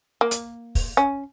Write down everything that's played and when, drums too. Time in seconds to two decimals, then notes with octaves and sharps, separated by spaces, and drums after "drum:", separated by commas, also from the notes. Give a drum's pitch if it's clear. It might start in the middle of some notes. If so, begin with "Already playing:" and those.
0.21 A#3
0.31 drum: hi-hat
0.75 drum: kick, open hi-hat
0.97 C#4